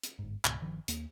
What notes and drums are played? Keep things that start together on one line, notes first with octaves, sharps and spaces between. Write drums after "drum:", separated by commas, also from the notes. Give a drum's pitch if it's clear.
drum: hi-hat
G1 G#2
C#2 G#2 B2, drum: clap
G1 D#3 F3
D#2 A#3, drum: hi-hat